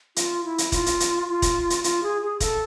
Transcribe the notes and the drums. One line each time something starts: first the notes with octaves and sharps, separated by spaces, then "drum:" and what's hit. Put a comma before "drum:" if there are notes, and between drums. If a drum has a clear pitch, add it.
F4, drum: hi-hat
E4
drum: hi-hat
F4, drum: kick E1, hi-hat
drum: hi-hat
drum: hi-hat
F4
drum: kick E1, hi-hat
drum: hi-hat
F4, drum: hi-hat
G#4
G#4
A4, drum: kick E1, hi-hat